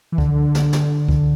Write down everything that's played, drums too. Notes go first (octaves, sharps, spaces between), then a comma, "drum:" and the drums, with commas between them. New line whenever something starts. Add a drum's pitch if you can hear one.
E3
D3, drum: kick C#2
drum: snare
drum: snare
drum: kick C#2